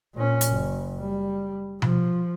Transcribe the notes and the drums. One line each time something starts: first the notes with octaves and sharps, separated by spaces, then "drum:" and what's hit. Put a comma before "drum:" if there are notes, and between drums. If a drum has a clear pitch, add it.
A#2 C#4
drum: hi-hat
F#1
G3
F3, drum: tom B2